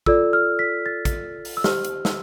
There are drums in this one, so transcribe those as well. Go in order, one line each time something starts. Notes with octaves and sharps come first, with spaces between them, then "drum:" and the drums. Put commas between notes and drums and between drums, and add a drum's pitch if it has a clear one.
F4 A4 D5 E6, drum: kick
F6
B6
A6
drum: kick, hi-hat
drum: open hi-hat
E6
G4 C5 F6, drum: snare
drum: hi-hat
E6, drum: snare